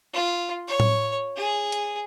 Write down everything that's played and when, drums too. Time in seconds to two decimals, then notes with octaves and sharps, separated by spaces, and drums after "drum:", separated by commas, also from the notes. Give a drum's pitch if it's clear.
0.14 F4
0.68 C#5
0.80 drum: tom A2
1.37 G#4
1.72 drum: hi-hat